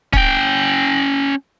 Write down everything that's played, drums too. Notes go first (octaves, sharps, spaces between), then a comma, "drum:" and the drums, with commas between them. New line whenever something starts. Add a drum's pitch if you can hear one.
C#4 G5, drum: kick C#1